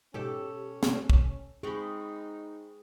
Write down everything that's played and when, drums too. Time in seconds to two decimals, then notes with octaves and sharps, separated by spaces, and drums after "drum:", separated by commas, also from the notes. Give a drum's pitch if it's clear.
0.14 G#2 B2 C#4 G4 A4
0.83 drum: snare
1.10 drum: kick
1.63 G#3 C4 D#4 G#4 B5 C#6